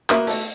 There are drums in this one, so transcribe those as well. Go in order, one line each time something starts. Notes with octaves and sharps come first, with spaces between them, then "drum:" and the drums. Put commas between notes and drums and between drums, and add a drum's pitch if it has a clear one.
A#3 D#4 F#4 B4 E5, drum: clap
A3, drum: open hi-hat